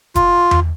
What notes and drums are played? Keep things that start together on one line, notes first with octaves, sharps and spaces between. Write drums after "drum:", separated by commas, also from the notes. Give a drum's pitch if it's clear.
F4, drum: kick F1, hi-hat
drum: tom E2